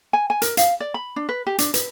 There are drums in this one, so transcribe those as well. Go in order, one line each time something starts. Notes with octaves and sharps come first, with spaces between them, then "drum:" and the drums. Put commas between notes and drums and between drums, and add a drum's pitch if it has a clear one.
G#5
G#5
A#4, drum: hi-hat
F5, drum: hi-hat
D5
B5
D4
B4
G4
D4, drum: hi-hat
B4, drum: hi-hat